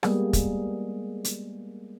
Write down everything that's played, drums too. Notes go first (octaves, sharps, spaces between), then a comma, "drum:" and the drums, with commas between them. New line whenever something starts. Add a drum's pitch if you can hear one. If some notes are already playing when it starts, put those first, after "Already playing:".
G3 G#3 A#3 B3 G#4, drum: rim click
drum: kick, hi-hat
drum: hi-hat